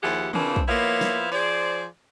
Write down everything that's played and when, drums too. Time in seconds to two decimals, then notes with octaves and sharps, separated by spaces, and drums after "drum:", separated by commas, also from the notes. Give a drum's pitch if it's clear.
0.03 D#2 F3 E4 G4 G#4 F#5
0.34 C#3 E3 F3 A#3 C4 D4, drum: tom
0.56 drum: kick
0.68 F3 A#3 B3 E4 C#5 F5
1.01 drum: snare
1.32 F3 G#4 C5 D5